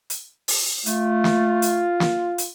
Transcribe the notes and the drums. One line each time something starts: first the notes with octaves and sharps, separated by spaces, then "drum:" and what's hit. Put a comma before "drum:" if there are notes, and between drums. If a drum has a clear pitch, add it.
drum: hi-hat
drum: open hi-hat
A3 F4, drum: hi-hat
drum: snare
drum: hi-hat
drum: snare
drum: hi-hat